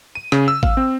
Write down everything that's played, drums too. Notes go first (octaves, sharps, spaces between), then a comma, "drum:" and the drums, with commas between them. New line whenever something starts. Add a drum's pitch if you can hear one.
D#7
C#3, drum: rim click
E6
F5, drum: kick G#1
C4